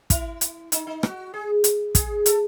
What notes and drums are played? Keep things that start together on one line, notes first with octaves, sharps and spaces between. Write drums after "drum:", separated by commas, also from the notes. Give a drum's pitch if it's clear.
E4, drum: kick, hi-hat
drum: hi-hat
D#4, drum: hi-hat
D#4
F#4, drum: rim click
G#4
drum: hi-hat
G#4, drum: kick, hi-hat
A4, drum: hi-hat